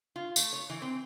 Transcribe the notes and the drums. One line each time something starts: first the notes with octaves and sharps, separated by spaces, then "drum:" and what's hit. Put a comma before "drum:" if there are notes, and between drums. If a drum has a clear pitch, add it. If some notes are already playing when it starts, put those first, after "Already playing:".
F4
A3, drum: tambourine
C#5
E3
C4